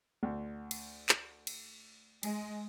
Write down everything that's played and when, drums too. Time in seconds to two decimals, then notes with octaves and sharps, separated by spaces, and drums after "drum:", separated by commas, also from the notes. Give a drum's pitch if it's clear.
0.23 D2
0.71 drum: cymbal
1.09 drum: clap
1.47 drum: cymbal
2.23 G#3, drum: cymbal